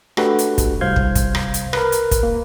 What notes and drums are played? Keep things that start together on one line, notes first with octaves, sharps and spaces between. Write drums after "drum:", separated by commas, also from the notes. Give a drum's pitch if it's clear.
A3 D4 F#4 G4 A4 B4, drum: rim click
drum: hi-hat
drum: kick, hi-hat
C2 C5 F5 G6 G#6
drum: kick
drum: kick, hi-hat
drum: rim click
drum: hi-hat
A#4 B4, drum: rim click
drum: hi-hat
drum: kick, hi-hat
A#3